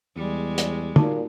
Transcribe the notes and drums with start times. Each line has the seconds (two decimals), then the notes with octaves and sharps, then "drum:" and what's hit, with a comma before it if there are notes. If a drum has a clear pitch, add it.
0.16 E2 G3 G#3
0.58 drum: hi-hat
0.96 A#2 D#4 F#4 A5, drum: tom